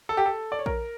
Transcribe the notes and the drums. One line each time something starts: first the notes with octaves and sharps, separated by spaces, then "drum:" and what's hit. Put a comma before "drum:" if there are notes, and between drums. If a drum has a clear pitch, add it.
A4
G4
A4
D5
C#5
A#4, drum: kick A#1